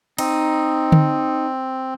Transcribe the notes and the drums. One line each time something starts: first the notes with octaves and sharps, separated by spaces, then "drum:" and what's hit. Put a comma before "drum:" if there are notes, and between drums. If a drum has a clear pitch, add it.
C4 D#4, drum: cymbal
drum: tom D3